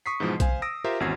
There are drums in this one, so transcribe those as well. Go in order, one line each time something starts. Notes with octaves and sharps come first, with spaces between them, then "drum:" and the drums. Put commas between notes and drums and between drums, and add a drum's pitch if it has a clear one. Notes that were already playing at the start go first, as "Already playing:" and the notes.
C#6 D#6 B6 C7
G#2 B2 E3 F3 G#3
C5 F5 G#5, drum: kick B1, hi-hat
D#6 E6 A#6 D7
F4 G4 A#4 C5 E5 A#5
G#1 E2 C#4 F#4 G#6 C7